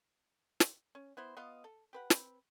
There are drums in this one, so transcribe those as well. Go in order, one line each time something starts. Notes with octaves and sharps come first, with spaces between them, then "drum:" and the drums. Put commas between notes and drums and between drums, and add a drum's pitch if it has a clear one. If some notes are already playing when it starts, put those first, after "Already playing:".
drum: snare
C#4
B3 E4 C5
B3 F4 D#5 F5
A4
G4 B4 F#5
C4 B4, drum: snare